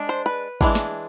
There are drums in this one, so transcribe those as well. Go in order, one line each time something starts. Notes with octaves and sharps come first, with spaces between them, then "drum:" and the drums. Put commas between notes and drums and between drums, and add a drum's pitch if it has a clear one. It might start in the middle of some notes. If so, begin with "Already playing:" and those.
Already playing: G#3 D4
C5
B4
E3 G#3 D4, drum: kick G#1
drum: snare